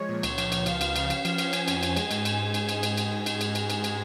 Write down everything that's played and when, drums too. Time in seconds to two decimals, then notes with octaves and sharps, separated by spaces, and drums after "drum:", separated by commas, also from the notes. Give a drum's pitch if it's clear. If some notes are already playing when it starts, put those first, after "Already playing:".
Already playing: F3 G#3 C#5
0.09 A#2
0.23 C#2, drum: cymbal
0.38 F3, drum: cymbal
0.52 C#2, drum: cymbal
0.66 F3 F5, drum: cymbal
0.81 C#2, drum: cymbal
0.96 C#3, drum: cymbal
1.10 C#4, drum: cymbal
1.25 F3, drum: cymbal
1.38 C#4, drum: cymbal
1.53 F3 G#5, drum: cymbal
1.68 F2, drum: cymbal
1.83 F3, drum: cymbal
1.97 G#3, drum: cymbal
2.11 G#2, drum: cymbal
2.25 drum: cymbal
2.54 drum: cymbal
2.69 drum: cymbal
2.83 drum: cymbal
2.97 drum: cymbal
3.26 drum: cymbal
3.41 drum: cymbal
3.55 drum: cymbal
3.70 drum: cymbal
3.84 drum: cymbal